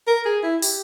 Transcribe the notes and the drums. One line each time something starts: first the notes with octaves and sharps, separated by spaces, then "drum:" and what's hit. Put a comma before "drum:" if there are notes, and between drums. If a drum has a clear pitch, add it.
A#4
G#4
E4
G4, drum: open hi-hat